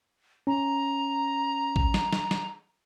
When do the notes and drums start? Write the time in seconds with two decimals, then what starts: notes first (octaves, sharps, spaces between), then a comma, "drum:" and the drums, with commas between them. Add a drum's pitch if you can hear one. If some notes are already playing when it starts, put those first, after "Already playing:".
0.47 C#4 A#5
1.76 drum: kick
1.94 drum: snare
2.13 drum: snare
2.31 drum: snare